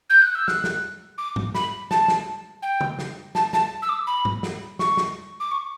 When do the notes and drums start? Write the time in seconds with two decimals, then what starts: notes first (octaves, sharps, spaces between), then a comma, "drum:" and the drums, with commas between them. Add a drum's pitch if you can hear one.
0.10 G6
0.22 F#6
0.35 E6
0.48 F#6, drum: snare
0.64 drum: snare
1.18 D6
1.36 drum: tom G#2
1.55 B5, drum: snare
1.91 A5, drum: snare
2.08 drum: snare
2.62 G5
2.81 drum: tom C#3
2.99 drum: snare
3.35 A5, drum: snare
3.53 A5, drum: snare
3.82 E6
3.89 D6
4.07 B5
4.25 drum: tom G#2
4.43 drum: snare
4.79 C#6, drum: snare
4.97 drum: snare
5.40 D6
5.51 C#6